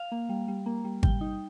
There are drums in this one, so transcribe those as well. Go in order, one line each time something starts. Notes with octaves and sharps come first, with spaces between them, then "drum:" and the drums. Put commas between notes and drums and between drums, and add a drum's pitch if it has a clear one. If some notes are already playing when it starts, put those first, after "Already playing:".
Already playing: F5
A#3
G3
G3
A#3
G3
G3 G5, drum: kick G#1
D#4